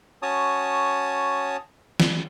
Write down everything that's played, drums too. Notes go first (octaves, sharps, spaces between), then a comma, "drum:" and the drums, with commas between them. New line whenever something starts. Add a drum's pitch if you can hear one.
C#4 F#4 C#5 A5 D#6
drum: snare